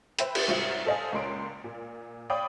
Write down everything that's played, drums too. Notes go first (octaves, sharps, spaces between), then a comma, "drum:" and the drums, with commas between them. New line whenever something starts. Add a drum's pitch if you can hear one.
B4 C5 E5 G5 B5, drum: hi-hat
drum: cymbal
C2 G#2 F4 F#4 C5 E5
A4 C5 D#5 F5 G#5
C#2 A#2 C#4 C6 D7
A#2
C#5 D5 F5 G5 B5 D#6